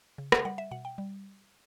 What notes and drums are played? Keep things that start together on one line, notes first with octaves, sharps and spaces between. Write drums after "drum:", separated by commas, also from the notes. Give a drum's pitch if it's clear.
C#3
F#5, drum: rim click
G3 F#5
E5
B2 F#5
G5
G3